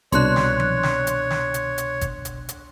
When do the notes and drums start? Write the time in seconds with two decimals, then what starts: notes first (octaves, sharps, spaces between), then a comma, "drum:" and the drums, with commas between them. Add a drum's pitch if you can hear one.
0.12 C2 B2 D4 C#5 C6 F#6, drum: hi-hat
0.36 drum: snare
0.60 drum: tom F3
0.83 drum: snare
1.07 drum: hi-hat
1.30 drum: snare
1.54 drum: hi-hat
1.78 drum: hi-hat
2.01 drum: kick G1, hi-hat
2.25 drum: hi-hat
2.49 drum: hi-hat